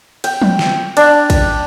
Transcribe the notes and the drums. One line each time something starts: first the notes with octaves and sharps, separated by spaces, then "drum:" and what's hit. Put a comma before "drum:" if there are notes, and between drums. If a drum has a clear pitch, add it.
G5, drum: cymbal
drum: tom F3
drum: snare
D4, drum: cymbal
drum: kick, cymbal